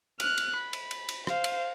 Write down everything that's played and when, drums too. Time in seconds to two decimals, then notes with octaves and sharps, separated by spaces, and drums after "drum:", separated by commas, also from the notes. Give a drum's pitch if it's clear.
0.20 F6 F#6, drum: cymbal
0.38 drum: cymbal
0.57 B5
0.73 drum: cymbal
0.91 drum: cymbal
1.09 drum: cymbal
1.27 C5 F5, drum: rim click
1.44 drum: cymbal